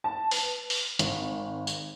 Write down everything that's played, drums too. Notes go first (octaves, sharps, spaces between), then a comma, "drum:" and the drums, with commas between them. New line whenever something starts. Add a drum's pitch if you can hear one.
A5
B4, drum: open hi-hat
drum: open hi-hat
G#1, drum: hi-hat
drum: tambourine